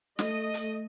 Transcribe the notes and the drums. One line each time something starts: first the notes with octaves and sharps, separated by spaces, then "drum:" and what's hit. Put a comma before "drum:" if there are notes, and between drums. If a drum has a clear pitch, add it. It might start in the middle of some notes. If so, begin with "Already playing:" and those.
A3 D#5, drum: snare
drum: hi-hat